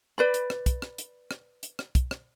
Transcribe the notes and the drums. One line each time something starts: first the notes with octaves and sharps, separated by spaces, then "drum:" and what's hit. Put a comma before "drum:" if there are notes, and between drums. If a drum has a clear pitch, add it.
B4 D5 B5
drum: hi-hat
drum: rim click
drum: kick, hi-hat
drum: rim click
drum: hi-hat
drum: rim click
drum: hi-hat
drum: rim click
drum: kick, hi-hat
drum: rim click